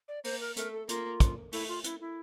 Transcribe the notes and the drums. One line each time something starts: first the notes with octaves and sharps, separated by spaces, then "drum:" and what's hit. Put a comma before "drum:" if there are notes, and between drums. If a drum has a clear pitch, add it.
D5
A#3 C5, drum: open hi-hat
A#4
A3 A#4, drum: hi-hat
A4
A#3 F4, drum: hi-hat
drum: kick, hi-hat
A3 E4, drum: open hi-hat
F4
E4, drum: hi-hat
E4